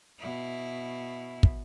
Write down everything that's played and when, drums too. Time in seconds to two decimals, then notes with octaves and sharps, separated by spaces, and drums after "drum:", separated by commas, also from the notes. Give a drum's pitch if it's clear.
0.19 B2 E4
1.43 drum: kick